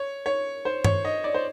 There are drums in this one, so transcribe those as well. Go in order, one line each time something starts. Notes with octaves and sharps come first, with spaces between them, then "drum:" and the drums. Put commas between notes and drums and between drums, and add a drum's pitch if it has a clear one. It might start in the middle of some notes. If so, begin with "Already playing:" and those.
Already playing: C#5
C#5
C5
C#5, drum: tom G2
D#5
D5
C5